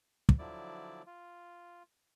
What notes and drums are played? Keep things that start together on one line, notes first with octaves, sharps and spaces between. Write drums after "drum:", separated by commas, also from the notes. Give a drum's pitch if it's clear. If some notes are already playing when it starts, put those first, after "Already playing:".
drum: kick
D3 F3 F#3 E4 D5
F4